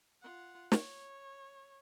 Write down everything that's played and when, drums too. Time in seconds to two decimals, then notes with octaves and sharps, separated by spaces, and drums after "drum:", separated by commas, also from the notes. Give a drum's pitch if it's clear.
0.21 F4 F#5
0.72 C#5, drum: snare